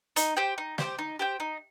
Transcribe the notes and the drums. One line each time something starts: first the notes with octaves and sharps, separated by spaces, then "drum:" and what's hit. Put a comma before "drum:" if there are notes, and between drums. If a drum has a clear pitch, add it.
D#4, drum: hi-hat
G4 C5 G5
D#4
G4 C5 G5, drum: snare
D#4
G4 C5 G5
D#4